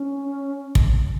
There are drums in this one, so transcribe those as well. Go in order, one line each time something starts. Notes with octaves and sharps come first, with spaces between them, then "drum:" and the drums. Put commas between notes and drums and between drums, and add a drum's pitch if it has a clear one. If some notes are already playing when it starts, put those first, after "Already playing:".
Already playing: C#4
drum: kick